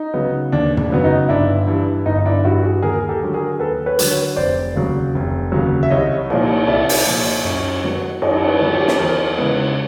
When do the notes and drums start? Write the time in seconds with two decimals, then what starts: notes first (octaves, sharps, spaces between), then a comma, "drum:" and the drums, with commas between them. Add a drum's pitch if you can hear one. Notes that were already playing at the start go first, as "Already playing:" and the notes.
Already playing: D#4
0.14 C#3 F#3 B3
0.52 D#2 D4
0.77 D4, drum: tom
0.90 C#3 F#3 B3
1.04 D#4
1.29 G1 D4 E4
1.67 G2 E3
2.06 G1 D#4
2.19 D#4
2.26 D4 E4
2.44 G2 E3 E4 F#4
2.63 F#4 G#4
2.82 D#2 G#4 A#4
3.09 G4 A4
3.22 D3 F#3
3.34 G#4 A#4
3.59 D#2 A4 B4
3.86 B4 C#5
3.99 D3 F#3, drum: hi-hat
4.11 B4 C#5
4.36 F1 C5 D5
4.75 D#2 C#3 F#3
5.15 F1
5.52 D#2 C#3 F#3
5.83 E5
5.90 C2 C#5 D#5
6.30 A#2 F3, drum: cymbal
6.67 C2 D5 E5
6.89 drum: open hi-hat
7.06 A#2 F3
7.45 F#2
7.84 D#3 F#3 B3
8.22 F#2 C#5 D#5, drum: cymbal
8.48 B4 C#5
8.61 D#3 F#3 B3
8.73 F4 G4
8.88 C#5, drum: snare
8.99 E2 A#4 C5
9.38 C#3 E3 G#3 B3